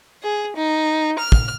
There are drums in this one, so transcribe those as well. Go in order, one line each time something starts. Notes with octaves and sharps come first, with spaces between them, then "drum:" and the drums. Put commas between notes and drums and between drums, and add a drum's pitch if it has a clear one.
G#4
D#4
F6
drum: kick